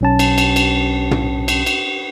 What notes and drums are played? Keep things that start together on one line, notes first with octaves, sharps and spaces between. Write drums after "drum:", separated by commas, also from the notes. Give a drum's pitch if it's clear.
B1 C#4 A5
drum: cymbal
drum: cymbal
drum: cymbal
drum: tom
drum: cymbal
drum: cymbal